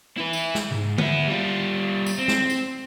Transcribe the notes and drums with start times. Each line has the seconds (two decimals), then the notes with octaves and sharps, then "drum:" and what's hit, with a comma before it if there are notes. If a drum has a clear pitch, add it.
0.17 E4 B4
0.33 drum: tambourine
0.55 drum: snare
0.71 B1 G#2
0.98 B3 E4, drum: tom D3
1.27 G3 F4
2.06 drum: tambourine
2.19 C4
2.28 drum: snare
2.50 drum: tambourine